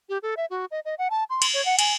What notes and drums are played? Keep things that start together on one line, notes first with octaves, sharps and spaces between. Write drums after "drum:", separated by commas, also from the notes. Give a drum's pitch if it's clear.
G4
A4
E5
F#4
D#5
D#5
F#5
A5
C6
drum: cymbal
C#5
F#5
G#5, drum: cymbal